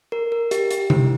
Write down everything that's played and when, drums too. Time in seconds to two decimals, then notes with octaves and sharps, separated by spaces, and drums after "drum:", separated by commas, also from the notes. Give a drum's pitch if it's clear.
0.12 A#4
0.32 A#4
0.51 G4, drum: hi-hat
0.71 G4, drum: hi-hat
0.90 E4, drum: tom C3